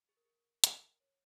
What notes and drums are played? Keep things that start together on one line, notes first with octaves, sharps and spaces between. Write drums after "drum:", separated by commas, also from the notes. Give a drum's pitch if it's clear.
G#4
A#4
G#4
A#4, drum: hi-hat
C#5